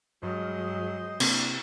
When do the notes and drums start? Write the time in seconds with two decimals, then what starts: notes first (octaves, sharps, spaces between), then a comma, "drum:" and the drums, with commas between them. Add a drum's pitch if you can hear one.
0.23 G2 F#3 G#3 C5 D#5 F6
1.20 C3 A#3 C4 D4 E4, drum: cymbal